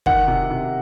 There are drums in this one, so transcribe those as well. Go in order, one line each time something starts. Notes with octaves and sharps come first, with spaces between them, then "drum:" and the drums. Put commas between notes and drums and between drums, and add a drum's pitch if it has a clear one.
D#3 F#5, drum: kick
C3
C3